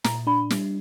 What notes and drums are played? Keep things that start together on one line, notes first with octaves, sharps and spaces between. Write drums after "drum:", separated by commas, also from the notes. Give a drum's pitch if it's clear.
A#2 A#5, drum: snare
D4 B5
G3, drum: snare